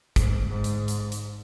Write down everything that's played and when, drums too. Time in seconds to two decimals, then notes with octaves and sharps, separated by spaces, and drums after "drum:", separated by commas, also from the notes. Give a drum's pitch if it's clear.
0.16 G#2, drum: kick, hi-hat
0.48 G#2
0.64 drum: hi-hat
0.88 drum: hi-hat
1.12 drum: hi-hat